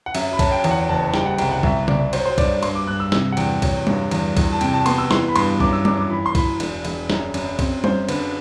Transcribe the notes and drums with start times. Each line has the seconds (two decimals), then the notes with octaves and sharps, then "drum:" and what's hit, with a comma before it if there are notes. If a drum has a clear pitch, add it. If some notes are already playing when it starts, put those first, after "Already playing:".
0.06 F#5
0.15 F#2 E5, drum: cymbal
0.33 B5
0.39 F#3 A5, drum: kick B1, cymbal
0.52 G5
0.64 E2, drum: cymbal
0.71 F#5
0.80 G5
0.89 F#1 A5
1.14 G3 G5, drum: snare
1.26 F#5
1.38 C2 G5, drum: cymbal
1.52 F#5
1.63 C2 E5, drum: kick B1
1.88 C2 D5, drum: tom C#3
2.13 F#3 C5, drum: cymbal
2.25 C5
2.38 G2 D5, drum: kick B1, cymbal
2.63 G2 C6, drum: cymbal
2.75 D6
2.87 G2 F#6
3.00 E6
3.12 C3 E6, drum: snare
3.32 F#5
3.37 E2 G5, drum: cymbal
3.62 F#3, drum: kick B1, cymbal
3.87 G2, drum: tom G3
4.11 E2, drum: cymbal
4.37 E2, drum: kick B1, cymbal
4.52 A5
4.61 C3 G5, drum: cymbal
4.74 A5
4.86 B3 C6, drum: cymbal
4.98 E6
5.11 E3 C6, drum: snare
5.28 B5
5.36 G2 C6, drum: cymbal
5.60 F#2 D6, drum: kick B1
5.73 E6
5.85 F#2 D6, drum: tom G3
5.98 D6
6.10 E3 B5
6.26 C6
6.35 E3 B5, drum: kick B1, cymbal
6.60 E1, drum: cymbal
6.85 E1, drum: cymbal
7.10 F#2, drum: snare
7.34 F#2, drum: cymbal
7.59 C4, drum: kick B1, cymbal
7.84 F#2 C5, drum: tom G3
8.09 D3 B4, drum: cymbal